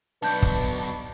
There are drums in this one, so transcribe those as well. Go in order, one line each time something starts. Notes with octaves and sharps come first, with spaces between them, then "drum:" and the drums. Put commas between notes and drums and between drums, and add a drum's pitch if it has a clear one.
B1 B2 D4 B4 A5 G6
drum: kick